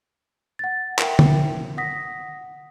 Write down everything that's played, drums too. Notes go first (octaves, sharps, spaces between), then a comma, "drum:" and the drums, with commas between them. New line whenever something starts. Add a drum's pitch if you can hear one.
F#5 A6
A#4 E5 G5, drum: clap
drum: tom
F#5 D#6 A#6 B6